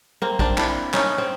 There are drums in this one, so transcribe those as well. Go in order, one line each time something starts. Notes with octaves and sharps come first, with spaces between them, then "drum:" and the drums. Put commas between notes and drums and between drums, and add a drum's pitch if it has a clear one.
A#3 C4
C4 D4, drum: kick
D4 E4, drum: clap
C#4 D#4, drum: clap
C4